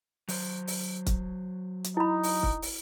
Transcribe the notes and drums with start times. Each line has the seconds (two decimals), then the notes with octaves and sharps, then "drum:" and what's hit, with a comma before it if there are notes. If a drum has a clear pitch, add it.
0.28 F#3 C5, drum: open hi-hat
0.67 drum: open hi-hat
1.06 drum: kick, hi-hat
1.84 drum: hi-hat
1.97 D#4 E4 B5
2.23 drum: open hi-hat
2.43 drum: kick
2.62 drum: open hi-hat